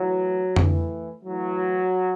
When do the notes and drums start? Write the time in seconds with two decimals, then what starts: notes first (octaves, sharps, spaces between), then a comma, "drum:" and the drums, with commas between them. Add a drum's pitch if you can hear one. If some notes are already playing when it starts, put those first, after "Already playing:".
Already playing: A2 E3 F#3
0.56 A2 E3, drum: tom F2
1.25 A2 E3 F#3